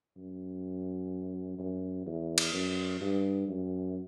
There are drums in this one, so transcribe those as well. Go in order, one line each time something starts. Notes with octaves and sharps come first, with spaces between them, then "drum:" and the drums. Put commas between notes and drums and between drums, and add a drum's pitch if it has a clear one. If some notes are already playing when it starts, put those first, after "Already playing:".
F#2
F#2
E2
drum: cymbal
F#2
G2
F#2